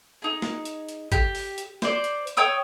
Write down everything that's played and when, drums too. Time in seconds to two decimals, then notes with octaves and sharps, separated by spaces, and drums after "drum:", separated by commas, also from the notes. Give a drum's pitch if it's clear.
0.22 D#4 G#4
0.42 drum: snare
0.65 drum: hi-hat
0.89 drum: hi-hat
1.12 G4, drum: kick G#1, hi-hat
1.35 drum: open hi-hat
1.58 drum: hi-hat
1.82 C5 D5, drum: snare
2.04 drum: hi-hat
2.27 drum: hi-hat
2.37 C#5 G5 D#6 E6